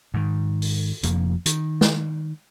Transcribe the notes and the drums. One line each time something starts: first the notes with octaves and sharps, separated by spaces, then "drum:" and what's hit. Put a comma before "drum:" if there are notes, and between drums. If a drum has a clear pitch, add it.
G#2 D#3
drum: open hi-hat
F1 F2 F3 A#3, drum: hi-hat
D#3, drum: hi-hat
drum: snare